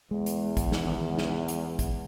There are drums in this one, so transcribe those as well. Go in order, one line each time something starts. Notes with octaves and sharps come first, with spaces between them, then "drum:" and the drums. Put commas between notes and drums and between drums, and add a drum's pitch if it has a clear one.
E2 G#3
drum: hi-hat
drum: kick, hi-hat
drum: snare
drum: tom D#3
drum: snare
drum: hi-hat
drum: kick, hi-hat